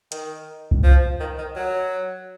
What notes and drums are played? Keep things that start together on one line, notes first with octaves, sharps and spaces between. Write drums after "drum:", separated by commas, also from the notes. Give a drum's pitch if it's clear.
D#3, drum: hi-hat
drum: kick C2
F3
D#3
D#3
F#3